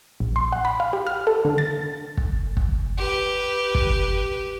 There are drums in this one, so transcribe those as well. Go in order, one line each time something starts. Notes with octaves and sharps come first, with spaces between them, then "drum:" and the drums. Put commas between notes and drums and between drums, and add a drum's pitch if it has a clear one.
A#1
C6
F#5
B5
F5
G4
F6
A4
D3
A6
drum: kick
drum: kick
G4 B4
drum: kick